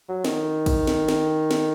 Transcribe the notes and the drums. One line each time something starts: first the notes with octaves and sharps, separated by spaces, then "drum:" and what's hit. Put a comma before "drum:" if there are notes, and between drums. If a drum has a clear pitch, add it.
F#3
D#3, drum: snare
drum: kick, cymbal
drum: snare
drum: snare
drum: snare